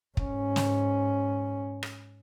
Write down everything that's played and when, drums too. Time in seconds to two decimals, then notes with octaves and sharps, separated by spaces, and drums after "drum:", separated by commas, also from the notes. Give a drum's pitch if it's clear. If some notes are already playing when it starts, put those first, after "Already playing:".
0.17 G#2 C#4, drum: kick
0.56 drum: snare
1.83 drum: rim click